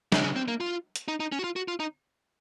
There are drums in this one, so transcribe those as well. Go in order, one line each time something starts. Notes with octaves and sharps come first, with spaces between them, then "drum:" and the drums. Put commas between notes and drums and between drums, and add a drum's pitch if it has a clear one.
C#3, drum: snare
C#3
C4
A#3
F4
drum: hi-hat
D#4
D#4
C#4
F#4
F4
F#4
F4
D#4